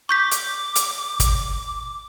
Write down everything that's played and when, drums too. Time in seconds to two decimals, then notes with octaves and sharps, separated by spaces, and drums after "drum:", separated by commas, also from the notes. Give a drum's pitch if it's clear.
0.09 C#6 D6 G6 B6
0.31 drum: hi-hat
0.75 drum: hi-hat
1.20 drum: kick, hi-hat